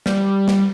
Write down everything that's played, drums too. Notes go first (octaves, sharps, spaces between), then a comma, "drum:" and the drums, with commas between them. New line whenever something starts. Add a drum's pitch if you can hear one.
G3, drum: snare
drum: snare